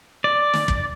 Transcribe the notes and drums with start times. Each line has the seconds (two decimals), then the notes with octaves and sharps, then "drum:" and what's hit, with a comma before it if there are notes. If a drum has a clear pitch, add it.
0.24 D5
0.53 drum: snare
0.68 drum: kick